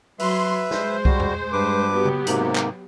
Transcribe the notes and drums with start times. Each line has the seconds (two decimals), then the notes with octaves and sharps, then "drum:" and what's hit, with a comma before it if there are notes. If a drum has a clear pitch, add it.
0.19 F#3 B4 E5 C6, drum: open hi-hat
0.71 G#3 C5, drum: snare
1.05 G3 F#4, drum: kick C2
1.20 drum: tom E2
1.52 G2 B4 D6
1.90 F#3 B3 G4
2.05 drum: tom C#3
2.27 G#2 C3 A#3, drum: hi-hat
2.56 drum: clap